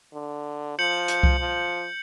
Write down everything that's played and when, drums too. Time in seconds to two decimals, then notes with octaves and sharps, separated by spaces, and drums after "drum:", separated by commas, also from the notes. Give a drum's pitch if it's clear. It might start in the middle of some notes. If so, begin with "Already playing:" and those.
0.14 D3
0.79 F3 G6 C#7 F#7
1.08 drum: hi-hat
1.23 drum: kick C2
1.40 F3